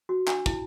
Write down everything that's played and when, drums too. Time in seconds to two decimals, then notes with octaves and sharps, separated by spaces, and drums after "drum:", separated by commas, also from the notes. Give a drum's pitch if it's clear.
0.09 F#4
0.27 D4, drum: clap
0.46 E4, drum: kick